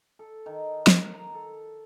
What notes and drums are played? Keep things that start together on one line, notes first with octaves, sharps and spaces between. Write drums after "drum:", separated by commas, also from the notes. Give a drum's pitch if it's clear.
A4
D#3
drum: snare
A#5
A4